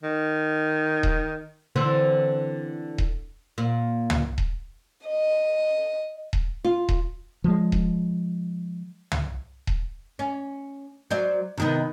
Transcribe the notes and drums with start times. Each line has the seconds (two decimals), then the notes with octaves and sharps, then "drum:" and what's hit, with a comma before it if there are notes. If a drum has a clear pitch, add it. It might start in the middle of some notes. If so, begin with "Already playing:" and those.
0.03 D#3
1.03 drum: kick D#1
1.76 D3 E3 C4
2.98 drum: kick D#1
3.58 A#2
4.10 drum: tom
4.38 drum: kick D#1
5.07 D#5
6.33 drum: kick D#1
6.64 F4
6.89 drum: kick D#1
7.44 F3 G#3
7.72 drum: kick D#1
9.12 drum: tom
9.67 drum: kick D#1
10.19 C#4
11.10 F#3 C5 D5
11.57 C3 D#3 B3